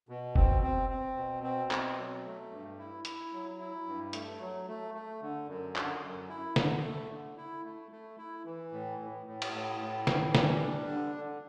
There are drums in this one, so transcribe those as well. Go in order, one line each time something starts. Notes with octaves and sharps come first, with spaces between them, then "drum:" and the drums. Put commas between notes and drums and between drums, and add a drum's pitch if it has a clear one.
B2
C4, drum: kick F#1
C4
C4
B2
C4
B2, drum: clap
F#3
A3
G2
E4
E4, drum: hi-hat
F#3
E4
G2
A3, drum: hi-hat
F#3
A3
A3
D3
F#2
D3, drum: clap
F#2
E4
D3, drum: snare
A3
D3
E4
A3
A3
E4
E3
A2
A2
A2
drum: cymbal
A2
A2
E3, drum: snare
G3, drum: snare
D4
D3
D3